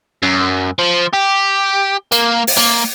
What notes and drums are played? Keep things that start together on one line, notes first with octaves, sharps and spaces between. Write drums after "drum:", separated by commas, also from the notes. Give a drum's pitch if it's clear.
F#2
F3
G4
A#3, drum: hi-hat
drum: open hi-hat
A#3